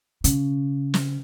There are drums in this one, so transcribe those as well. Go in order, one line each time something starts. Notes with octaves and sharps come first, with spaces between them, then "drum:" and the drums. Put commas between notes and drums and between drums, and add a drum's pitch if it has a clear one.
C#3, drum: hi-hat
drum: snare